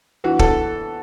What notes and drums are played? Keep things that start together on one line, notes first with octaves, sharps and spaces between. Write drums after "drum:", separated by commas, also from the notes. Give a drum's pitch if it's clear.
E3 F#4
A4, drum: kick